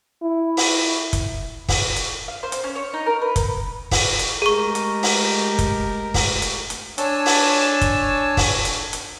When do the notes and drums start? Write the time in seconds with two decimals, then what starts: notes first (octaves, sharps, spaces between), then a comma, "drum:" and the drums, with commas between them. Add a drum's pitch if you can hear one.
0.22 E4
0.57 drum: open hi-hat
1.13 drum: kick, hi-hat
1.69 drum: kick, open hi-hat
1.96 drum: hi-hat
2.28 F5
2.43 C5
2.52 drum: hi-hat
2.63 C#4
2.75 C#5
2.93 D#4
3.06 A#4
3.21 B4
3.36 drum: kick, hi-hat
3.91 drum: kick, open hi-hat
4.19 drum: hi-hat
4.42 G#3 A3 G4 G#4 A#4 C#6
4.75 drum: hi-hat
5.03 drum: open hi-hat
5.59 drum: kick, hi-hat
6.14 drum: kick, open hi-hat
6.42 drum: hi-hat
6.70 drum: hi-hat
6.98 D4 C#5 G#5 A5 E6, drum: hi-hat
7.26 drum: open hi-hat
7.81 drum: kick, hi-hat
8.37 drum: kick, open hi-hat
8.65 drum: hi-hat
8.93 drum: hi-hat